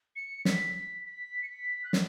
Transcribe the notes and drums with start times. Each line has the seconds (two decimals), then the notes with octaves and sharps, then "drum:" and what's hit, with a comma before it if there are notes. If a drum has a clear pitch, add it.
0.16 C#7
0.45 B6, drum: snare
0.75 B6
1.05 B6
1.42 C#7
1.49 B6
1.84 F#6
1.93 drum: snare